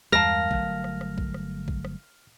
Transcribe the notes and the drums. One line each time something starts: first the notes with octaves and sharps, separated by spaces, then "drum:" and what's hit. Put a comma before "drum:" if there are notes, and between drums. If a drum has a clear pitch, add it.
E2 G2 G#3 A#4 F5 A5 F6 A#6
G1 F#3 A3, drum: kick A#1
drum: rim click
drum: rim click
drum: kick A#1
drum: rim click
drum: kick A#1
drum: rim click